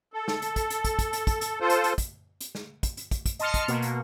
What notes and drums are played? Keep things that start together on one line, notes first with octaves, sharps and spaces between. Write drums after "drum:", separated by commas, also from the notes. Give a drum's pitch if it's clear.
A4
drum: snare
drum: hi-hat
drum: kick, hi-hat
drum: hi-hat
drum: kick, hi-hat
drum: kick, hi-hat
drum: hi-hat
drum: kick, hi-hat
drum: hi-hat
F4 A4 C5
drum: hi-hat
drum: hi-hat
drum: kick, hi-hat
drum: hi-hat
drum: snare
drum: kick, hi-hat
drum: hi-hat
drum: kick, hi-hat
drum: kick, hi-hat
D#5 A5 C6 F6 C#7, drum: hi-hat
drum: kick, hi-hat
B2 A#3, drum: hi-hat
drum: hi-hat